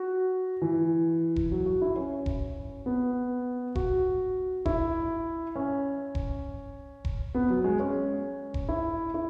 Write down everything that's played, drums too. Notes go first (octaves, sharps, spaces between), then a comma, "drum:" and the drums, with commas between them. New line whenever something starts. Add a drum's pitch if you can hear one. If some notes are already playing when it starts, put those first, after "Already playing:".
Already playing: F#4
E3
drum: kick E1
F#3
F#4
E4
C#4
drum: kick E1
B3
F#4, drum: kick E1
E4, drum: kick E1
C#4
drum: kick E1
drum: kick E1
B3
F#3
G#3
C#4
drum: kick E1
E4
E4